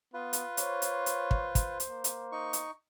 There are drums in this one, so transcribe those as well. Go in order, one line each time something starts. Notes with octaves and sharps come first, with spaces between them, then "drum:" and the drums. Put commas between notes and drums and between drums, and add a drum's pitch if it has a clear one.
B3 F4 B4
drum: hi-hat
C5 C#5, drum: hi-hat
drum: hi-hat
drum: hi-hat
drum: kick
drum: kick, hi-hat
drum: hi-hat
A#3
drum: hi-hat
D#4 C#6
drum: hi-hat